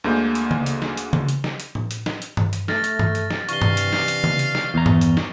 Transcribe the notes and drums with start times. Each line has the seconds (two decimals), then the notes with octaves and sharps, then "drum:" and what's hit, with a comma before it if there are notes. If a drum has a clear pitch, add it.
0.04 D2 D3 G#3 A#3 G6
0.35 drum: hi-hat
0.51 drum: tom C#3
0.66 drum: hi-hat
0.82 drum: snare
0.97 drum: hi-hat
1.13 drum: tom C#3
1.29 drum: hi-hat
1.44 drum: snare
1.60 drum: hi-hat
1.75 drum: tom A2
1.91 drum: hi-hat
2.06 drum: snare
2.22 drum: hi-hat
2.37 drum: tom G2
2.53 drum: hi-hat
2.68 A3 F6 A6 A#6, drum: snare
2.84 drum: hi-hat
2.99 drum: tom G2
3.15 drum: hi-hat
3.30 drum: snare
3.49 C3 E3 D4 F5 C#6 G7, drum: hi-hat
3.62 drum: tom G2
3.77 drum: hi-hat
3.93 drum: snare
4.08 drum: hi-hat
4.24 drum: tom C#3
4.39 drum: hi-hat
4.55 drum: snare
4.74 E2 A#5
4.86 drum: tom G2
5.01 drum: hi-hat
5.17 drum: snare